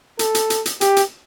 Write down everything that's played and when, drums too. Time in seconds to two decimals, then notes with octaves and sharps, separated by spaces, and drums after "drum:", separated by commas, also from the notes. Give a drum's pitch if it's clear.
0.19 A4, drum: hi-hat
0.35 drum: hi-hat
0.50 drum: hi-hat
0.66 drum: hi-hat
0.81 G4, drum: hi-hat
0.96 drum: hi-hat